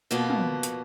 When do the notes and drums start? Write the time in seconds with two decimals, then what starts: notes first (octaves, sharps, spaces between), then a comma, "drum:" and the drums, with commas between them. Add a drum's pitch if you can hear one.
0.11 F2 B2 F3 A#3 B3
0.30 drum: tom
0.63 drum: hi-hat